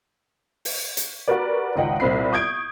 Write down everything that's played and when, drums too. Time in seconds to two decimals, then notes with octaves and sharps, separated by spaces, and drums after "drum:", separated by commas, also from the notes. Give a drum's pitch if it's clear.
0.65 drum: open hi-hat
0.97 drum: hi-hat
1.28 F#4 G4 A#4 B4 D5
1.76 G#1 C#2 D#5 F#5 G5
2.00 C2 A#2 C4 B5 C7
2.32 C#6 D#6 G6 G#6 D7